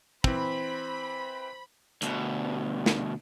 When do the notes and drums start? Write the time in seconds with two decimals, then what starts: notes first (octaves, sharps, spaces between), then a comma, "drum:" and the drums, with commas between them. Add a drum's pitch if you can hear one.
0.24 E3 C4 C5 B5, drum: kick
2.02 D2 B2, drum: hi-hat
2.86 drum: snare